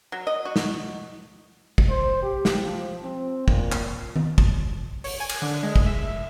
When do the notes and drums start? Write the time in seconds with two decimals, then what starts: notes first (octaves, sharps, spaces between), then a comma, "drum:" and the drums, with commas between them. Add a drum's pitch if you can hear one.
0.12 F#3
0.27 D#5
0.45 F#4
0.56 drum: snare
1.78 drum: kick
1.89 C5
2.22 G4
2.45 drum: snare
2.63 F3
3.03 C4
3.48 A#2, drum: kick
3.72 drum: clap
4.16 drum: tom D#3
4.38 drum: kick
5.04 C#5, drum: open hi-hat
5.20 G#5
5.29 drum: cymbal
5.42 D3
5.63 G#3
5.76 drum: kick
5.86 E5